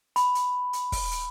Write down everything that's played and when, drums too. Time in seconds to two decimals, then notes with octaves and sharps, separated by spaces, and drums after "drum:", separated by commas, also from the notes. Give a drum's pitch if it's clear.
0.16 B5, drum: hi-hat
0.35 drum: hi-hat
0.73 drum: hi-hat
0.92 drum: kick, open hi-hat
1.11 drum: hi-hat